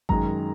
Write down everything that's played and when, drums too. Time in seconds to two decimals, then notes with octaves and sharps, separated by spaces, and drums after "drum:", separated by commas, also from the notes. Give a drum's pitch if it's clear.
0.09 F#2 D#3 G#3 A#5, drum: kick G#1